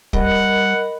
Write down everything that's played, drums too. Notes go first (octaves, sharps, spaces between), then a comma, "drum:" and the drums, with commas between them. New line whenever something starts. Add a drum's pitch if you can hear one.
G3 A#4 D#5 F#5 B5, drum: kick